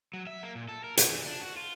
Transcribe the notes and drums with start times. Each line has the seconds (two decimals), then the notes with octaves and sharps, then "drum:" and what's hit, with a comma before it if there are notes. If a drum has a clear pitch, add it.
0.14 F#3
0.27 E5
0.43 A#3
0.55 A#2
0.69 A4
0.84 A#4
0.97 G4, drum: hi-hat
1.10 E3
1.27 D4
1.41 F#4
1.57 F4